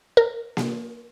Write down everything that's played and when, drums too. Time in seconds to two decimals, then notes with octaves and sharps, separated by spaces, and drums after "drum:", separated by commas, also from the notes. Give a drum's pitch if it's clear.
0.17 A#4
0.57 drum: snare A#3